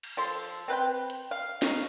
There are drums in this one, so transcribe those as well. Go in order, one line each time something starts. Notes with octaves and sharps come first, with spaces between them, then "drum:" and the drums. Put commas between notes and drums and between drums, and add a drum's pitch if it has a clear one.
drum: cymbal
F3 A4 C6
C4 B4 F#5 G5
drum: hi-hat
F5
D#4 C#5 F5, drum: snare